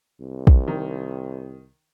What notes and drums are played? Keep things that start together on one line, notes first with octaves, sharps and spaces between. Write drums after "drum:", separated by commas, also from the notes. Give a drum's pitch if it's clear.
C2
drum: kick
D#3